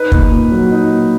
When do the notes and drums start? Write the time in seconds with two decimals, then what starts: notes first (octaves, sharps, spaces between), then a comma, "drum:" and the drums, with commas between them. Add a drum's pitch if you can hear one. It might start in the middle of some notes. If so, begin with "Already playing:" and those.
Already playing: D#4 B4
0.12 A#3, drum: kick
0.32 A#2
0.52 F#3
0.71 D#4
0.92 A#3